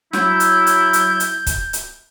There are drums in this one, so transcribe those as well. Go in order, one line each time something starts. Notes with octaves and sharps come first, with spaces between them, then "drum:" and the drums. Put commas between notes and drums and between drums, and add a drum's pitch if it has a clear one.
F#3 E4 G6, drum: snare
drum: hi-hat
drum: hi-hat
drum: hi-hat
drum: hi-hat
drum: kick, hi-hat
drum: hi-hat